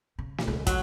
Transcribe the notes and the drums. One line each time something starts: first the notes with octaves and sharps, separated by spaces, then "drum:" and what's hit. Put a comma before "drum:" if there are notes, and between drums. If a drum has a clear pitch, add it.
C#3
drum: snare
C#2
F#3, drum: kick, hi-hat